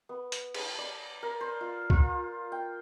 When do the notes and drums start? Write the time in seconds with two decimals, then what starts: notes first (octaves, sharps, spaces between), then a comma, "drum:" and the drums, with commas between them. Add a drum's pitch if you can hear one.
0.09 B3
0.32 drum: hi-hat
0.54 drum: cymbal
0.78 D5
1.23 A#4
1.41 C5
1.61 F4
1.90 F4, drum: kick C#2
2.52 G5